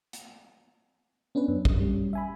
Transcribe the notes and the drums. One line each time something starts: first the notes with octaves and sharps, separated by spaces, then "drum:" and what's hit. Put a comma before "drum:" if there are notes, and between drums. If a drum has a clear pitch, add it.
drum: hi-hat
B3 C#4 D4 B4
F#2
drum: kick
G3 C#4
E5 G#5 B5